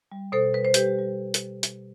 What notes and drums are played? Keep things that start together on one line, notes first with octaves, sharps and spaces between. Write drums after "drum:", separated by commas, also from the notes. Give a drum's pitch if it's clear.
G3
B2 A4 C5
G3 B4
C5
G3 G4 B4, drum: hi-hat
G3
drum: hi-hat
drum: hi-hat